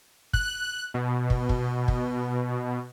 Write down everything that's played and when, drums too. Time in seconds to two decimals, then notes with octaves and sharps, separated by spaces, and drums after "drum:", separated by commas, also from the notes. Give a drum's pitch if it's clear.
0.33 F#6, drum: kick
0.94 B2
1.30 drum: kick
1.49 drum: kick
1.88 drum: kick